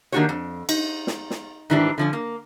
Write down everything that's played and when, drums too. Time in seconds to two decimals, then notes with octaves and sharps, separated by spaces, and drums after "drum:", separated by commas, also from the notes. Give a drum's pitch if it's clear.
0.12 D#3 A#3 D4 F#4 G4 C#5
0.29 F2
0.69 D#4, drum: cymbal
1.07 drum: snare
1.30 drum: snare
1.70 G#2 D#3 E3 G3 D4 G4
1.98 D3 F3 C#4
2.13 A#3